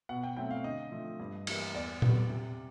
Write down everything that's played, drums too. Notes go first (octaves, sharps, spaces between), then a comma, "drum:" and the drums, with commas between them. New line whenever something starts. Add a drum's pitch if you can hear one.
B2 F#5
G5
F#3 A3 C4 G5
F5
D3 D#5
F3 A3
G2
E3 G3 A#3, drum: cymbal
E2 D5
B2 G3 B3, drum: tom A#2
C3